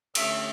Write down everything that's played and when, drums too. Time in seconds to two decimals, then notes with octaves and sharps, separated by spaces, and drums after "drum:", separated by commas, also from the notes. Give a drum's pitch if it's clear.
0.15 D3 A3 C#4 G4 E5, drum: cymbal